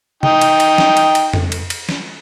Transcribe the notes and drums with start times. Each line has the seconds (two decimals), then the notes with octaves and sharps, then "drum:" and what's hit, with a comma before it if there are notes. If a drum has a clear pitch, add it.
0.23 D#4 G5, drum: tom
0.41 drum: cymbal
0.60 drum: cymbal
0.78 drum: snare
0.97 drum: cymbal
1.15 drum: cymbal
1.33 drum: tom F2
1.52 drum: cymbal
1.70 drum: cymbal
1.89 drum: snare